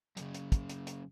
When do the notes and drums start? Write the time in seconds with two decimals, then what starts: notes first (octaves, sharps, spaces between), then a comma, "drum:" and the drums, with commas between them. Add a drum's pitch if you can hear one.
0.17 F#2 C#3, drum: hi-hat
0.34 drum: hi-hat
0.52 drum: kick, hi-hat
0.69 drum: hi-hat
0.87 drum: hi-hat